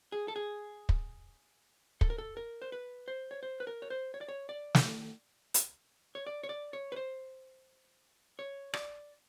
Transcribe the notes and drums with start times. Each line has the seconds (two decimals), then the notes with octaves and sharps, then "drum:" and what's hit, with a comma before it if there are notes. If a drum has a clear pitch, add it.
0.12 G#4
0.28 A4
0.36 G#4
0.89 drum: kick
2.01 A4, drum: kick
2.10 A#4
2.18 A4
2.37 A#4
2.62 C5
2.72 B4
3.08 C5
3.31 C#5
3.43 C5
3.60 B4
3.67 A#4
3.82 C#5
3.90 C5
4.14 C#5
4.21 D5
4.29 C#5
4.49 D5
4.75 drum: snare
5.54 drum: hi-hat
6.15 C#5
6.27 D5
6.43 C#5
6.49 D5
6.73 C#5
6.92 B4
6.96 C5
8.39 C#5
8.74 D5, drum: rim click